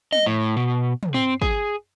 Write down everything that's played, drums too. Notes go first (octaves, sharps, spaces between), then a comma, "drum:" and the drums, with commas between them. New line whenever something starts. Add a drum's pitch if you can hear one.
D#5, drum: tom
A2
B2
drum: tom
C4
G#4, drum: kick